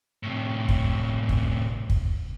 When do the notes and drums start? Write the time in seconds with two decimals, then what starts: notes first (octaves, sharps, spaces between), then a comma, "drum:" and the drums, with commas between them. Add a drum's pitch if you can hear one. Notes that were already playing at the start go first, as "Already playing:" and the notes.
0.23 A2 C3
0.68 drum: kick
1.29 drum: kick
1.89 drum: kick